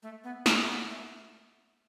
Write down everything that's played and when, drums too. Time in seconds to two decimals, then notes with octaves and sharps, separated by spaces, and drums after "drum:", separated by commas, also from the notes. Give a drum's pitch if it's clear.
0.03 A3
0.24 B3
0.46 C#4, drum: snare
0.59 A3
0.68 B3
0.89 A3